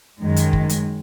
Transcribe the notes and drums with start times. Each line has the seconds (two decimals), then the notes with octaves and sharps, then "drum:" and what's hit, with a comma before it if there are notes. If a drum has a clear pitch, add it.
0.20 F#2 D#3 G#3
0.36 drum: hi-hat
0.53 drum: kick
0.69 drum: hi-hat